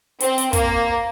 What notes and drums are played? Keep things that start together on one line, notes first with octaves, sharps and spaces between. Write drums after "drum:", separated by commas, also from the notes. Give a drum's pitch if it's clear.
C4, drum: hi-hat
drum: hi-hat
A#3, drum: kick, hi-hat